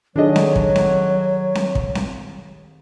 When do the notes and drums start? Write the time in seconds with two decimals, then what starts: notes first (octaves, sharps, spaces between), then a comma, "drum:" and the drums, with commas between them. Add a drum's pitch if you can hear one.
0.16 D#3 F#3 D4 G#4 A4 C#5 D#5
0.36 drum: snare C4
0.56 drum: kick
0.76 drum: snare C4
1.55 drum: snare C4
1.75 drum: kick
1.95 drum: snare C4